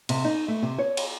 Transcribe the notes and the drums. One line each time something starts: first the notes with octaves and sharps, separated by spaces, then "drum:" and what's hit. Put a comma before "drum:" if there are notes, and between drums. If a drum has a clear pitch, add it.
C3, drum: cymbal
D#4
A3
C3
C#5
drum: cymbal